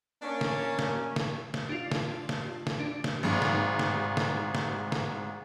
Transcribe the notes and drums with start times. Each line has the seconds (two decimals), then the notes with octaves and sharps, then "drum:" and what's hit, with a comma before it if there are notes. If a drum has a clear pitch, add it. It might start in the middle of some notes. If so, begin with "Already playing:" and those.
0.22 A#3 C#4 D4 C#5
0.41 drum: snare
0.79 drum: snare
1.16 drum: snare
1.54 drum: snare
1.69 D4 F4
1.91 drum: snare
2.29 drum: snare
2.67 drum: snare
2.79 D4
3.04 drum: snare
3.23 G#1 G#2
3.42 drum: snare
3.79 drum: snare
4.17 drum: snare
4.55 drum: snare
4.92 drum: snare